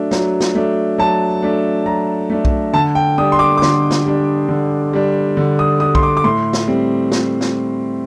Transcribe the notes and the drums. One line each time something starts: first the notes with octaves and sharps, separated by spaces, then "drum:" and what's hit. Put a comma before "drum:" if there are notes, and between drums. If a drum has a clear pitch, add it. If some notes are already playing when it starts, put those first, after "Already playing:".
Already playing: F#3 A3 D4
F#3, drum: snare
drum: snare
A3 D4
F#3 A5
A3 D4
F#3 A#5
A3 D4
drum: kick B1
D3 A5
G5
G3 D4 D#6
C6
D6
D6
D3 C6, drum: snare
drum: snare
G3 D4
D3
G3 D4
D3
D#6
G3 D4 D#6
C6, drum: kick B1
D6
D6
A2 C6
drum: snare
G3 C4
drum: snare
drum: snare